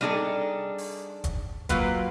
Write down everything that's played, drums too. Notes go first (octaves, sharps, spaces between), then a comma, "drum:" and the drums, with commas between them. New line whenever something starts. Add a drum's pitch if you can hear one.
G3 D4 D#4 G#4 A4
drum: open hi-hat
drum: kick F1, hi-hat
F#3 A#3 F4 B4, drum: kick F1, hi-hat